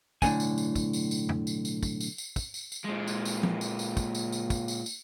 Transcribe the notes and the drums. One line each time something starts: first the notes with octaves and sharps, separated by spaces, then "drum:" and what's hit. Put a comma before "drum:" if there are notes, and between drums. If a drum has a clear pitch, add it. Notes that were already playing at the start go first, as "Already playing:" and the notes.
B1 A2 D3 G#3 G#5, drum: kick, tambourine
drum: tambourine
drum: tambourine
drum: kick, tambourine
drum: tambourine
drum: tambourine
drum: tom
drum: tambourine
drum: tambourine
drum: kick, tambourine
drum: tambourine
drum: tambourine
drum: kick, tambourine
drum: tambourine
drum: tambourine
A#2 G#3
drum: tambourine
drum: tambourine
drum: tom
drum: tambourine
drum: tambourine
drum: kick, tambourine
drum: tambourine
drum: tambourine
drum: kick, tambourine
drum: tambourine
drum: tambourine